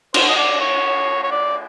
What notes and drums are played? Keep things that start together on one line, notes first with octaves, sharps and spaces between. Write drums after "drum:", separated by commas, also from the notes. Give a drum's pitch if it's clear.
C5, drum: cymbal
D#5
D5
C#5
C#5
D5